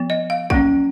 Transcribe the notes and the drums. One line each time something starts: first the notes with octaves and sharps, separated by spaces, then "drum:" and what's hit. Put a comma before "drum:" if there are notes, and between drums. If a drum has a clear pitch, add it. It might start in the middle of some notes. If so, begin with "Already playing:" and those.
Already playing: F3 B3
D#5
F5
F#3 A#3 C#4 F#5, drum: kick